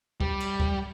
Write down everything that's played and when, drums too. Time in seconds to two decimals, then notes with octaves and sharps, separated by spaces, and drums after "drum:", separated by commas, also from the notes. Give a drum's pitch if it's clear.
0.21 G3, drum: kick C#2
0.40 drum: cymbal
0.60 drum: kick C#2